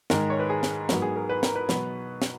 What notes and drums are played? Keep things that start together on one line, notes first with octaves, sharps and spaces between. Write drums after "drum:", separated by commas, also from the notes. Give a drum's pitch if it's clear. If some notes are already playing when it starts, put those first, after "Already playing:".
G#2 D#3 G#3 A#4, drum: snare
C#5
B4
G#4
drum: snare
G#2 F#3 B3 A#4, drum: snare
G#4
A#4
B4
A#4, drum: snare
B4
B2 F#3 B3, drum: snare
drum: snare